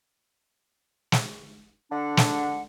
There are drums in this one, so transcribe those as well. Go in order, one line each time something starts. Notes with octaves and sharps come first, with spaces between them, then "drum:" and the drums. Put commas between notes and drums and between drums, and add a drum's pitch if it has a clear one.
drum: snare
D3 D4 F#5
drum: snare